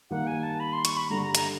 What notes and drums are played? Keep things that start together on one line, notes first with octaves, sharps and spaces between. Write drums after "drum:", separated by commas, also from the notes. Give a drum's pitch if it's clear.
D#3 G3 A#3 F#5
G#5
A5
B5
C6
C#6, drum: hi-hat
B5
G2 D3 G3 A#5
A#5
A#5, drum: hi-hat